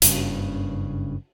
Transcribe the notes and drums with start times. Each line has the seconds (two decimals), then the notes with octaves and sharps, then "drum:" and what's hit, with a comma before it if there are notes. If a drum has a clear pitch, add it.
0.02 F#1 G2 C#3, drum: hi-hat